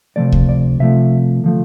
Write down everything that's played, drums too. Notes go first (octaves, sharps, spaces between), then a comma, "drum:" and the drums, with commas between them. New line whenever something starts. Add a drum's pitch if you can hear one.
C3 F3 A3 D5
drum: kick C#2
D5
C3 F3 A3 E5
D3 F3 A3